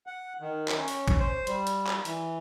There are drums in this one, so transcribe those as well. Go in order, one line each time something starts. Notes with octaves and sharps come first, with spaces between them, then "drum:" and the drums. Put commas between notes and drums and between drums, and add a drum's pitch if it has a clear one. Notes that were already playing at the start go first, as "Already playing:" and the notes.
F#5
D#3
drum: clap
C#4
drum: open hi-hat
drum: kick, hi-hat
C5
G3, drum: hi-hat
drum: hi-hat
drum: clap
E3, drum: open hi-hat